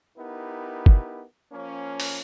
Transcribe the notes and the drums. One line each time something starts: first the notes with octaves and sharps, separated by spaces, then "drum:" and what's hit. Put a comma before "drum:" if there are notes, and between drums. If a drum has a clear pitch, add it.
B3 D#4 E4 G4 A#4
drum: kick
F3 A#3 C#4
drum: open hi-hat